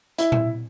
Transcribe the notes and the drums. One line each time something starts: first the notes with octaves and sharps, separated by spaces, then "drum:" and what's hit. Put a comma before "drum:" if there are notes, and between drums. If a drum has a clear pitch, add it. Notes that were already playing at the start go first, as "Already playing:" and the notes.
E4, drum: hi-hat
drum: tom A#2